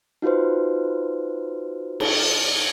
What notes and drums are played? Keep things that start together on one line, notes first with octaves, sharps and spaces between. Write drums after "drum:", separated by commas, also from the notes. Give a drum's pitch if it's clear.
D#4 F4 F#4 B4 C5
drum: cymbal